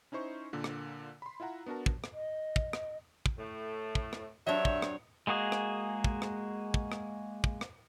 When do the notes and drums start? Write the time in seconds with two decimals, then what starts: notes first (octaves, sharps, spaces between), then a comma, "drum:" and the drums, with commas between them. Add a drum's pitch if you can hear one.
0.12 C#4 D#4 E4 C5 C#6
0.53 A#2 D3 A#3
0.64 drum: rim click
1.22 B5 C6
1.40 E4 F4 E5 F#5 A#5
1.66 B3 D4 F#4 A#4 A5
1.86 drum: kick
2.04 drum: rim click
2.14 D#5
2.56 drum: kick
2.73 drum: rim click
3.26 drum: kick
3.38 A2 A3
3.95 drum: kick
4.13 drum: rim click
4.47 G2 F#3 C4 D4 C#5 E5
4.65 drum: kick
4.82 drum: rim click
5.27 G#3 A#3 F#4 G#4
5.52 drum: rim click
6.04 drum: kick
6.22 drum: rim click
6.74 drum: kick
6.92 drum: rim click
7.44 drum: kick
7.61 drum: rim click